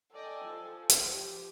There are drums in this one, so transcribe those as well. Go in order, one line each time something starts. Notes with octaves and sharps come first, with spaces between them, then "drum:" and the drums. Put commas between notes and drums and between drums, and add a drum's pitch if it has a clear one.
A4 D5 D#5 G5 G#5
F3
drum: hi-hat
G4